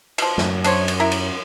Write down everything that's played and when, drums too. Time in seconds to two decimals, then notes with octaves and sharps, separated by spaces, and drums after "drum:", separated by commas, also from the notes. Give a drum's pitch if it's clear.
0.18 B2 F3, drum: cymbal
0.38 F#2, drum: snare
0.64 D4 C5 C#5, drum: cymbal
0.88 drum: cymbal
1.00 E4 A#4
1.12 drum: cymbal